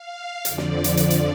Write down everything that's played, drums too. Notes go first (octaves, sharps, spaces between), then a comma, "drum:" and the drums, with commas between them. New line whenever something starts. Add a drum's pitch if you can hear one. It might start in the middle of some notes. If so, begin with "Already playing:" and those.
Already playing: F5
F2 D3 F3 D5, drum: hi-hat
drum: snare
drum: hi-hat
drum: hi-hat
drum: hi-hat